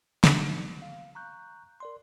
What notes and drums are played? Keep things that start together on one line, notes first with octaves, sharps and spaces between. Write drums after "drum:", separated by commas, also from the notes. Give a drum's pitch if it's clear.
F#3 G3 B3 D#4, drum: snare
F5
A#5 C#6 F#6 G6
A#4 D5 C6